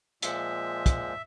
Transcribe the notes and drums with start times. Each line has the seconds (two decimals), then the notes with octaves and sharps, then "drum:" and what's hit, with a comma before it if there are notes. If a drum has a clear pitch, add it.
0.22 A#2 F3 G#3 E5, drum: hi-hat
0.86 drum: kick, hi-hat